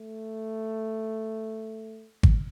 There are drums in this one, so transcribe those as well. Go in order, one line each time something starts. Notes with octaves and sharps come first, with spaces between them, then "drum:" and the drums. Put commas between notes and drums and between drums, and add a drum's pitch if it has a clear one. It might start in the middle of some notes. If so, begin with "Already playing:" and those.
Already playing: A3
drum: kick G#1